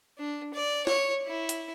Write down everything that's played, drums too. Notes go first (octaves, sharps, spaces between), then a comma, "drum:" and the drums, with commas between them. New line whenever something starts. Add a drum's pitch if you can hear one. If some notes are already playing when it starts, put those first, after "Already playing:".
D4
D5
C#5, drum: snare
E4
drum: hi-hat